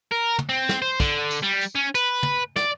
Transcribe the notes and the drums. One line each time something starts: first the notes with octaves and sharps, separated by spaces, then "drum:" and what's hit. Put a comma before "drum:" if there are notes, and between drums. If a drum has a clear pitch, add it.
A#4
drum: tom
C4
drum: snare
C5
D3, drum: kick, tambourine
drum: tambourine
G3
drum: tambourine
C#4
B4, drum: tambourine
drum: tom
D5, drum: snare